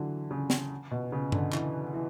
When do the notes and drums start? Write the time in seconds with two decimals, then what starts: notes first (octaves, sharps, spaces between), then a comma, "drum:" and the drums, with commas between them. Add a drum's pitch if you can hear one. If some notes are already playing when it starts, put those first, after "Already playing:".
Already playing: D3 E3 F#3
0.31 C#3
0.50 drum: snare
0.91 B2
1.12 C#3
1.32 D3, drum: tom G2
1.53 E3, drum: clap
1.94 E3